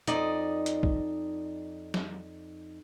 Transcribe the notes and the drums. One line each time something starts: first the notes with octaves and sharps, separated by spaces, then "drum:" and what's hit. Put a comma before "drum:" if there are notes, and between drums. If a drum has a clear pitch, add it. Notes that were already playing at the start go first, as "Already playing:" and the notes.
F2 D#4 D5 D#5, drum: hi-hat
drum: hi-hat
drum: kick
drum: snare